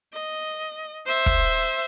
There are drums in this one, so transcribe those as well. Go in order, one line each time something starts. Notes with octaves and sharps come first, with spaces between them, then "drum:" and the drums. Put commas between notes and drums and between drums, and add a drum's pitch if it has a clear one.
D#5
C5 E5
drum: kick